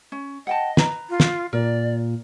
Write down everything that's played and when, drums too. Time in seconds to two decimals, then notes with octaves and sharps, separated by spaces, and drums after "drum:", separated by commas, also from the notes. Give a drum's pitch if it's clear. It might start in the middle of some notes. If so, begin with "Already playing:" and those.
0.12 C#4
0.47 D#5 F#5 G5 A5
0.77 B4 A#5, drum: snare
1.10 F4
1.20 drum: snare
1.53 A#2 A#4 D5